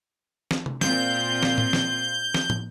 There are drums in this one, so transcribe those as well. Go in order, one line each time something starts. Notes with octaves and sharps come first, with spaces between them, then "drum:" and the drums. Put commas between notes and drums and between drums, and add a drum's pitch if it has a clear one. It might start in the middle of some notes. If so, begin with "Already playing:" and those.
drum: snare
drum: tom C3
A#2 C4 F4 G6, drum: snare
drum: snare
drum: tom A2
drum: snare
drum: snare
drum: tom